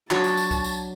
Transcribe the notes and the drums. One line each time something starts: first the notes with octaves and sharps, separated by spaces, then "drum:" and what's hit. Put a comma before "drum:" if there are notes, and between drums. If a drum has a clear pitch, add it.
F#3 D4 F#4 C#5 A5, drum: clap
drum: tambourine
drum: tambourine
drum: kick C2, tambourine
drum: tambourine